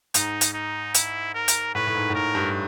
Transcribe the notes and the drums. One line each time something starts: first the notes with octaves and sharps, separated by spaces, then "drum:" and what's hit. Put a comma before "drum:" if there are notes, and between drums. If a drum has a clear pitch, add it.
G#2 D#4, drum: hi-hat
drum: hi-hat
D#4
E4, drum: hi-hat
A#4
drum: hi-hat
A2 B4
A2
G#2
A2
G#2 A#4
G2